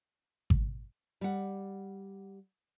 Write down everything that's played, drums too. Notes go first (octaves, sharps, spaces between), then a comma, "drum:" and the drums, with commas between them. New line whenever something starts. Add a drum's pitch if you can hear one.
drum: kick G#1
G3 F#5